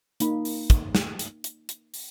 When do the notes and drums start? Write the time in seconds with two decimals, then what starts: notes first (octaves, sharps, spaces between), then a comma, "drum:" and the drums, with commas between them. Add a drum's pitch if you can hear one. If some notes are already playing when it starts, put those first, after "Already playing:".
0.20 A#3 D#4 B5, drum: hi-hat
0.45 drum: open hi-hat
0.70 drum: kick, hi-hat
0.95 drum: snare
1.19 drum: hi-hat
1.44 drum: hi-hat
1.69 drum: hi-hat
1.94 drum: open hi-hat